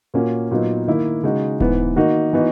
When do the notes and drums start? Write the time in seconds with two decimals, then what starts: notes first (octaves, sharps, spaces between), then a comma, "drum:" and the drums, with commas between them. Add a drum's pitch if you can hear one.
0.14 A#2 A#3 C#4 F#4
0.51 A#2 F#3 B3 D#4
0.87 D#3 A#3 E4
1.23 C#3 G#3 D#4 F#4
1.60 G#2 E3 B3, drum: kick D#1
1.96 D#3 A#3 D#4 F#4
2.33 E3 B3 D#4 F#4